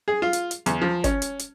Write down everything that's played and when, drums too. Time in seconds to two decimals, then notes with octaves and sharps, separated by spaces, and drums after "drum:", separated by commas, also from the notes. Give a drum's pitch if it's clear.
0.08 G#4
0.22 F4
0.33 drum: hi-hat
0.51 drum: hi-hat
0.66 E2, drum: hi-hat
0.82 F3
1.04 C#4, drum: kick, hi-hat
1.22 drum: hi-hat
1.39 drum: hi-hat